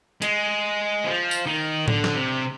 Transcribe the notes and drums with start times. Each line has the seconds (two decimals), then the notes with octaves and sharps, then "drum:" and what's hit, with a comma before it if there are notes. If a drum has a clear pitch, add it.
0.22 G#3, drum: hi-hat
1.05 F3
1.31 drum: tambourine
1.46 D#3
1.88 D3, drum: tom A2
2.04 drum: snare
2.15 C3